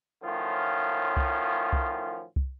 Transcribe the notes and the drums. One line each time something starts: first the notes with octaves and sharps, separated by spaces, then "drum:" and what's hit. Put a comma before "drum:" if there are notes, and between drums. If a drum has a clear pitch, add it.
A2 D#3 F3 F#3 C#4 F4
drum: kick C2
drum: kick C2
drum: kick C2